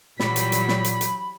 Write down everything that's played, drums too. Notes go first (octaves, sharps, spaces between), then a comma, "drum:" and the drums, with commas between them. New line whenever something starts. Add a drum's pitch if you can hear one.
A#2 E3 F#3 G3 B5 B6, drum: snare
drum: hi-hat
drum: hi-hat
drum: snare
drum: hi-hat
drum: hi-hat